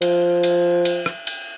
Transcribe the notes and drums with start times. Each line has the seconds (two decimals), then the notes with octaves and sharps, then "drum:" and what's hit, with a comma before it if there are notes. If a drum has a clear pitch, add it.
0.02 F3, drum: cymbal
0.43 drum: cymbal
0.85 drum: cymbal
1.06 drum: rim click
1.27 drum: cymbal